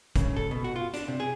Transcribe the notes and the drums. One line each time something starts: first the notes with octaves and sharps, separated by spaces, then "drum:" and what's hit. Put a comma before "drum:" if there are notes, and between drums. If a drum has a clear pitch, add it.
C#3, drum: kick, hi-hat
A4
B2
F#4
F4
D4, drum: hi-hat
C3
G#4